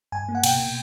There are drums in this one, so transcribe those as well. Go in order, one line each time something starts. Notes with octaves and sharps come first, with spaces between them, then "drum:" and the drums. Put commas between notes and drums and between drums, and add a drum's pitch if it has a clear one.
G2 G#5
A#3
F#5
B2 G5, drum: cymbal
B2